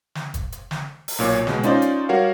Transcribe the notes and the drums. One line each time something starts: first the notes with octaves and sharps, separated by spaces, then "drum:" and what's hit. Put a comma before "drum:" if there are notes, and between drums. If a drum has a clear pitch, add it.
drum: snare
drum: kick, hi-hat
drum: hi-hat
drum: snare
drum: open hi-hat
B1 A#2 C#5
B2 G#3, drum: snare
C#4 D#4 F4 C5 D5 D#5, drum: hi-hat
drum: hi-hat
G3 F#4 A#4 C#5 F5 F#5